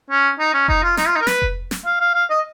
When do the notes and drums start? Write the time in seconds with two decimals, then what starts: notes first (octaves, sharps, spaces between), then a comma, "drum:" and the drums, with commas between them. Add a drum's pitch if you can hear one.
0.10 C#4
0.39 D#4
0.54 C#4
0.68 D#4, drum: kick F1
0.83 F4
0.97 D#4, drum: snare
1.07 F4
1.16 D#4
1.22 A#4
1.27 B4, drum: snare
1.42 drum: kick F1
1.71 drum: snare
1.86 F5
2.01 F5
2.14 F5
2.30 D#5